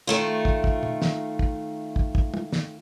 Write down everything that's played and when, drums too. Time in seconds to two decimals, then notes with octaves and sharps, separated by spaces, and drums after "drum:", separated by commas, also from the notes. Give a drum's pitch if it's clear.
0.07 D#3 A3 F4
0.45 drum: kick
0.64 drum: kick
0.83 drum: tom
1.02 drum: snare
1.39 drum: kick
1.96 drum: kick
2.15 drum: kick
2.34 drum: tom
2.52 drum: snare